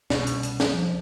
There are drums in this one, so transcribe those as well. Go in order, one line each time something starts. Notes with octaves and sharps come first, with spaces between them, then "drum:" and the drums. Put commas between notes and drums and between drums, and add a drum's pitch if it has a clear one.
C2 B2 F#3 C#4, drum: snare
drum: hi-hat
drum: hi-hat
drum: snare
F3